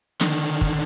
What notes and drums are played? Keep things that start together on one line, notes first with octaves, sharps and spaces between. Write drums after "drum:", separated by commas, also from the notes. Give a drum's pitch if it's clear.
D3 D#3, drum: snare
drum: kick